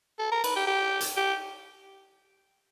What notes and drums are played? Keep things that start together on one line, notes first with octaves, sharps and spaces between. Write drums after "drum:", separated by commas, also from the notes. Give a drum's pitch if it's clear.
A4
A#4
B4, drum: cymbal
G4
G4
drum: hi-hat
G4